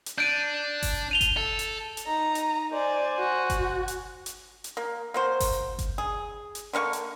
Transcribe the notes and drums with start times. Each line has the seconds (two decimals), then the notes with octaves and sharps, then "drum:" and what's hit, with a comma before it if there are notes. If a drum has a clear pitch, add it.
0.06 drum: hi-hat
0.18 D4 G6 D7 D#7
0.83 drum: kick G1, open hi-hat
1.11 D#7 F7 G7
1.21 drum: kick G1, hi-hat
1.37 A4
1.59 drum: hi-hat
1.97 drum: hi-hat
2.07 D#4 A#5
2.35 drum: hi-hat
2.73 C5 D5 G#5
3.19 F#4
3.50 drum: kick G1, hi-hat
3.88 drum: hi-hat
4.26 drum: hi-hat
4.64 drum: hi-hat
4.77 A#3
5.14 A#3 F#4 C5
5.40 drum: kick G1, open hi-hat
5.79 drum: kick G1, hi-hat
5.98 G#4
6.55 drum: hi-hat
6.73 D3 A#3 F5 C#6
6.93 drum: hi-hat